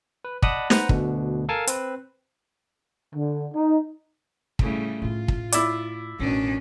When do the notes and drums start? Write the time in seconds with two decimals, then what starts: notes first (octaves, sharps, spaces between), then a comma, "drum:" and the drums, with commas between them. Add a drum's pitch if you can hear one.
0.25 B4
0.42 D5 D#5 F#5 A5 B5 D#6, drum: kick
0.70 B4 C5 F#5 A#5, drum: snare
0.89 D2 B2 D3, drum: kick
1.49 A4 A#4 F5 G#5 A5
1.67 C4 B4, drum: hi-hat
3.15 D3
3.54 D#4
4.59 A2 C#3 G3, drum: kick
5.02 A2 A3 F4
5.28 drum: kick
5.52 E4 D5, drum: hi-hat
6.20 A1 B2 D#3 C#4 D4